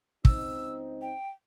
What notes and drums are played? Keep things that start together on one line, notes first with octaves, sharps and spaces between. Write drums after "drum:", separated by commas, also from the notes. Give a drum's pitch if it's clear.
C#2 C4 D#4 E6, drum: kick
G5